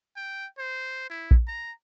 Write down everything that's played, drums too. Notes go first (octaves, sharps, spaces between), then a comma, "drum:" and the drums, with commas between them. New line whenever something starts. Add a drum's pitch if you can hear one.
G5
C5
E4
drum: kick A#1
A#5